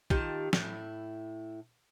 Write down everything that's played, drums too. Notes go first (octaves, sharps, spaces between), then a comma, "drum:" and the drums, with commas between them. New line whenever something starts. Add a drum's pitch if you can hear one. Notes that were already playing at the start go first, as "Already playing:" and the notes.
D#3 F4 G4 A5, drum: kick
A2 E4, drum: snare